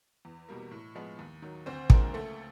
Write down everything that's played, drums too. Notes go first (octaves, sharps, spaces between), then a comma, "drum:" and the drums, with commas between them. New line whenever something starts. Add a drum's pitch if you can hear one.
E2
B2 G3 A#3
A2
F3 G#3 B3
D#2
D#3 F#3
D2 C4 C5
D3 F3 G#3 A#3 A#4, drum: kick
C#2 A3 A4